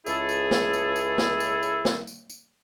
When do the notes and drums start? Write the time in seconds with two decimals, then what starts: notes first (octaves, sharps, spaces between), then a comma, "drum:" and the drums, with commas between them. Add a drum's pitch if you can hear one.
0.06 C#2 E4 G#4 A4, drum: tambourine
0.29 drum: tambourine
0.51 drum: snare
0.73 drum: tambourine
0.96 drum: tambourine
1.18 drum: snare
1.40 drum: tambourine
1.63 drum: tambourine
1.85 drum: snare
2.07 drum: tambourine
2.30 drum: tambourine